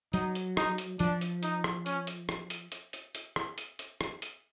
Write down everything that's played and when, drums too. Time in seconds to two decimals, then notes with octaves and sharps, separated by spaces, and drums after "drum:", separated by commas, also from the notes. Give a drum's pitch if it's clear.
0.13 F#3 D#4, drum: hi-hat
0.35 drum: hi-hat
0.57 D#4, drum: rim click
0.78 drum: hi-hat
0.99 F3 D4, drum: hi-hat
1.21 drum: hi-hat
1.43 D#4, drum: hi-hat
1.64 drum: rim click
1.86 C#4, drum: hi-hat
2.07 drum: hi-hat
2.29 drum: rim click
2.50 drum: hi-hat
2.72 drum: hi-hat
2.93 drum: hi-hat
3.15 drum: hi-hat
3.36 drum: rim click
3.58 drum: hi-hat
3.79 drum: hi-hat
4.01 drum: rim click
4.22 drum: hi-hat